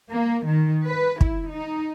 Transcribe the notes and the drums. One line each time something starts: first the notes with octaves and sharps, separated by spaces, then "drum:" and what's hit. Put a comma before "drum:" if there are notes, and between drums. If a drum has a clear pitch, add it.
A#3
D#3
B4
E4, drum: kick
D#4